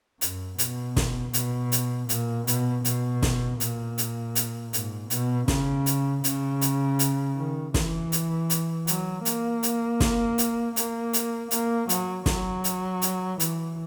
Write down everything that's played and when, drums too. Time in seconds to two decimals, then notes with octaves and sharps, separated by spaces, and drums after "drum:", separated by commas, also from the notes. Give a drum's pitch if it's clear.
0.21 F#2, drum: hi-hat
0.59 B2, drum: hi-hat
0.96 drum: snare
1.34 B2, drum: hi-hat
1.72 drum: hi-hat
2.09 A#2, drum: hi-hat
2.47 B2, drum: hi-hat
2.85 B2, drum: hi-hat
3.22 drum: snare
3.60 A#2, drum: hi-hat
3.98 drum: hi-hat
4.35 drum: hi-hat
4.73 G#2, drum: hi-hat
5.10 B2, drum: hi-hat
5.48 C#3, drum: snare
5.86 drum: hi-hat
6.24 C#3, drum: hi-hat
6.61 drum: hi-hat
6.99 drum: hi-hat
7.37 D#3
7.74 E3, drum: snare
8.12 drum: hi-hat
8.50 drum: hi-hat
8.87 F#3, drum: hi-hat
9.25 A#3, drum: hi-hat
9.63 drum: hi-hat
10.00 drum: snare
10.38 drum: hi-hat
10.76 A#3, drum: hi-hat
11.13 drum: hi-hat
11.51 A#3, drum: hi-hat
11.89 F#3, drum: hi-hat
12.26 F#3, drum: snare
12.64 drum: hi-hat
13.02 drum: hi-hat
13.40 E3, drum: hi-hat